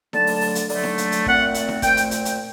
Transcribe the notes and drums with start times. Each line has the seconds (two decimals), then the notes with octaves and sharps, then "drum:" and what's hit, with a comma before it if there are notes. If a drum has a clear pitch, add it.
0.13 D3 F#3 A3 A5, drum: snare D#4
0.27 drum: open hi-hat
0.41 drum: open hi-hat
0.55 drum: hi-hat
0.69 D3 F#3 A3, drum: open hi-hat
0.84 drum: snare D#4
0.98 drum: hi-hat
1.12 drum: hi-hat
1.26 A#2 A3 C4 F#5, drum: kick
1.54 drum: hi-hat
1.69 drum: snare D#4
1.82 A#2 A3 C4 G5, drum: kick, hi-hat
1.97 drum: hi-hat
2.11 drum: hi-hat
2.25 drum: hi-hat